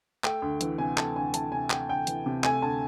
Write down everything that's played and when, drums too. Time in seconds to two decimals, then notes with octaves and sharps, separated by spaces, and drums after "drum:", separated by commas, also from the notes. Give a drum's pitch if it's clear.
0.24 A3 G5, drum: clap
0.42 D2
0.61 E3, drum: hi-hat
0.78 C3 G#5
0.97 A3 A5, drum: clap
1.16 D2 G#5
1.34 E3 A5, drum: hi-hat
1.52 C3 G#5
1.70 A3 G5, drum: clap
1.89 D2 G5
2.07 E3, drum: hi-hat
2.26 C3
2.44 A3 G#5, drum: clap
2.62 D2 A5